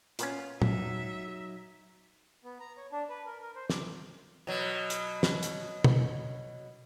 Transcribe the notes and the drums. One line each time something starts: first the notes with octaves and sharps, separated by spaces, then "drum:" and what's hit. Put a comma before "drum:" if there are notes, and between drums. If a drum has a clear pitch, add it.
A#2 B3 C#4 F4, drum: hi-hat
F#3 D#4 E5, drum: tom
B3
A#5
C#5
D4
B4
A#4
A#4
C5
D6, drum: snare
B2 F#3
drum: hi-hat
drum: snare
drum: hi-hat
drum: tom